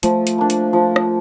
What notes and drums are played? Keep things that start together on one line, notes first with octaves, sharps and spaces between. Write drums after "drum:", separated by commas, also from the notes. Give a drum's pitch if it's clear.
F3 A3, drum: hi-hat
drum: hi-hat
A#3 D4
drum: hi-hat
F3
drum: rim click